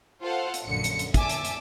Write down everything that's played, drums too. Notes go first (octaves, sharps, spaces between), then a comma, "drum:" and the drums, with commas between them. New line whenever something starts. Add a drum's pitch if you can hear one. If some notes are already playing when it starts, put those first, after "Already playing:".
F4 A4 C5 F5 F#5
drum: hi-hat
A#1 F#2 D3 C#7
drum: hi-hat
drum: hi-hat
D5 E5 G#5 A5 D6 E6, drum: kick, hi-hat
drum: hi-hat
drum: hi-hat